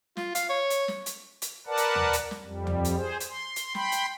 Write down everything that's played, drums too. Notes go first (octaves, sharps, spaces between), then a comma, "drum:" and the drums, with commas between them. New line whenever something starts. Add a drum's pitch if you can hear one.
F4, drum: snare
F5, drum: hi-hat
C#5
drum: hi-hat
drum: snare
drum: hi-hat
drum: hi-hat
A#4 B4 D5 F#5 A5
drum: hi-hat
drum: tom
drum: hi-hat
drum: snare
F2 G3
drum: tom
drum: hi-hat
G#4 C5
drum: hi-hat
C6
drum: hi-hat
G5 B5 C6, drum: snare
drum: hi-hat